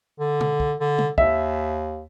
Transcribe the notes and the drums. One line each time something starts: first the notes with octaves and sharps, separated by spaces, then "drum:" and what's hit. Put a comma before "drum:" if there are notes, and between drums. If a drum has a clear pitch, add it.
D3
drum: tom B2
drum: kick
D3
drum: tom C3
D#2 E5, drum: kick